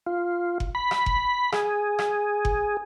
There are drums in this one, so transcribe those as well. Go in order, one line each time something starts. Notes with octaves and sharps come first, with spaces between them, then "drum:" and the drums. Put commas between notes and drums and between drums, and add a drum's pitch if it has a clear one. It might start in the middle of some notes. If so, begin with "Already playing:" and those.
F4
drum: kick F#1
B5
drum: rim click
drum: kick F#1
G#4, drum: rim click
drum: rim click
drum: kick F#1